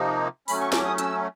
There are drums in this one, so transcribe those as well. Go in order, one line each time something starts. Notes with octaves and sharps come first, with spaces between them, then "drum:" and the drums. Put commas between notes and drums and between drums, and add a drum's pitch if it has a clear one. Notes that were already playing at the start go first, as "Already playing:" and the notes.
Already playing: C3 F3 A#3 D#4
F#3 A3 C#4 B5, drum: open hi-hat
C#6
D6, drum: snare
D#6
E6, drum: hi-hat